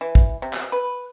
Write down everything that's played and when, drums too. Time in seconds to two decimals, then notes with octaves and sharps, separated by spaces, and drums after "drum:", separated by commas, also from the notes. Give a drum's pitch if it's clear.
0.01 E3
0.15 drum: kick
0.42 C3
0.53 drum: clap
0.72 B4